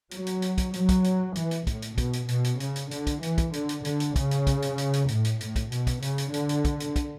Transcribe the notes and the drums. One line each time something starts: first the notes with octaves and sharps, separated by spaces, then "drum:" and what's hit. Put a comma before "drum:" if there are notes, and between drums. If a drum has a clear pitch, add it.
F#3, drum: hi-hat
drum: hi-hat
drum: hi-hat
drum: kick, hi-hat
F#3, drum: hi-hat
drum: kick, hi-hat
drum: hi-hat
E3, drum: hi-hat
drum: hi-hat
A2, drum: kick, hi-hat
drum: hi-hat
B2, drum: kick, hi-hat
drum: hi-hat
B2, drum: hi-hat
drum: hi-hat
C#3, drum: hi-hat
drum: hi-hat
D3, drum: hi-hat
drum: kick, hi-hat
E3, drum: hi-hat
drum: kick, hi-hat
D3, drum: hi-hat
drum: hi-hat
D3, drum: hi-hat
drum: hi-hat
C#3, drum: kick, hi-hat
drum: hi-hat
drum: kick, hi-hat
drum: hi-hat
drum: hi-hat
drum: hi-hat
A2, drum: hi-hat
drum: hi-hat
A2, drum: hi-hat
drum: kick, hi-hat
B2, drum: hi-hat
drum: kick, hi-hat
C#3, drum: hi-hat
drum: hi-hat
D3, drum: hi-hat
drum: hi-hat
drum: kick, hi-hat
drum: hi-hat
drum: kick, hi-hat